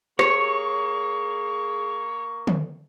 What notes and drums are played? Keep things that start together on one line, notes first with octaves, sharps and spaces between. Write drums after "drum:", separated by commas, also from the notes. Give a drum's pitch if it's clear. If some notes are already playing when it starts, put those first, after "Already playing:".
A#3 G4 G#4 C#5 C#6, drum: rim click
drum: tom